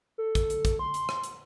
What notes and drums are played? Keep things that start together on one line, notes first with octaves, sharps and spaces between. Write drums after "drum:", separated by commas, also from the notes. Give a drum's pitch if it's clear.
A4
drum: kick, hi-hat
drum: hi-hat
drum: kick, hi-hat
C6
drum: hi-hat
drum: rim click
drum: hi-hat